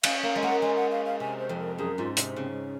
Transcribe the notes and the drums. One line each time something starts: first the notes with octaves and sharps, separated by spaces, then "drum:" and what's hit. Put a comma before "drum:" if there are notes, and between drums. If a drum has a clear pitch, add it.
C#4 F5, drum: cymbal
A#3 F5
G#3
A#3 F#5
G#3 G#5
F#5
F5
F5
C3 G#5
C5
F2
A#4
F#2 G#4
G#2 F4
C3 D#4, drum: hi-hat
C#3 C4
G#3